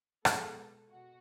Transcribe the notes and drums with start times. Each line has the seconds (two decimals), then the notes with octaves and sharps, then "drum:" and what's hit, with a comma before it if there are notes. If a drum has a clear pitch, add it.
0.25 B2 G#3 B3 A4, drum: rim click
0.90 B2 F#4